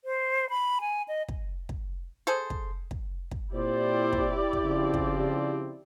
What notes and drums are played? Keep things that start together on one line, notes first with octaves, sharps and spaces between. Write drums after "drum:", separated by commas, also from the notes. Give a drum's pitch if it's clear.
C5
B5
G#5
D#5
drum: kick
drum: kick
G#4 A4 C5
drum: kick
drum: kick
drum: kick
A#2 C4 E4 G4 C5 D5
drum: kick
drum: kick
C#3 F3 C4
drum: kick